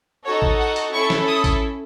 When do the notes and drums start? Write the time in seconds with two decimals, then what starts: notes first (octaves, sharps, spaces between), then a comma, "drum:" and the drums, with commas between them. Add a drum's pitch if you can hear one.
0.25 D#4 F#4 A4 C#5
0.42 drum: kick A1
0.59 F#5
0.76 drum: hi-hat
0.93 C#4 E4 A4 C#6
1.10 drum: snare
1.26 D#6
1.44 drum: kick A1, hi-hat